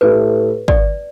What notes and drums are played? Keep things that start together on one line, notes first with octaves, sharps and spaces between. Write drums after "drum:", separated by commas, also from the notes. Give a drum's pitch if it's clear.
A2 A3 E4 G4 B4
D5, drum: kick